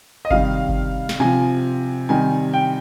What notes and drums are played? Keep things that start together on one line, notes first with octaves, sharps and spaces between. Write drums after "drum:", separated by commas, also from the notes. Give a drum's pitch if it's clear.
D#5
C3 D#3 G3 F5, drum: kick G1
drum: kick G1
drum: snare
C3 F3 G#5
C3 D#3 G3 G#5
G5